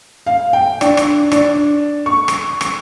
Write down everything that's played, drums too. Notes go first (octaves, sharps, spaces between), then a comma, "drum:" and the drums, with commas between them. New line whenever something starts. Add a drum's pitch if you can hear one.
F5
G5
D4, drum: rim click
drum: rim click
D4, drum: rim click
C#6
drum: rim click
drum: rim click